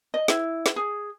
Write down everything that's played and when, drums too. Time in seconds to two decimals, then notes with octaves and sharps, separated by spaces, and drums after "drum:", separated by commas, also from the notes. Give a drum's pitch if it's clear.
0.14 D#5
0.28 E4, drum: snare
0.66 drum: snare
0.76 G#4